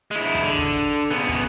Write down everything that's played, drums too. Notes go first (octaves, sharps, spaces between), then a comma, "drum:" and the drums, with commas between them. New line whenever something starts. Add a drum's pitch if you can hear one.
G#3 E4, drum: hi-hat
drum: snare
D3
drum: kick, hi-hat
drum: hi-hat
C#3 B3
drum: kick, hi-hat